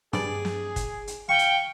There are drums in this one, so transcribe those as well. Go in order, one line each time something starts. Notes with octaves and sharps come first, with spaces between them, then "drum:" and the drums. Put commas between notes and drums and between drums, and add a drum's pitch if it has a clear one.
G2 G#4 D5, drum: snare
drum: snare
drum: kick, hi-hat
drum: hi-hat
F5 G5 C#6
drum: hi-hat